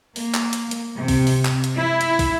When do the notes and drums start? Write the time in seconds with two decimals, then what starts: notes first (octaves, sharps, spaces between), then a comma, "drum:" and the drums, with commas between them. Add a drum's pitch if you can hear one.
0.16 A#3, drum: open hi-hat
0.34 drum: clap
0.53 drum: hi-hat
0.71 drum: hi-hat
0.95 C3
1.08 drum: kick, open hi-hat
1.27 drum: open hi-hat
1.45 drum: clap
1.64 drum: hi-hat
1.76 E4
2.01 drum: hi-hat
2.19 drum: kick, open hi-hat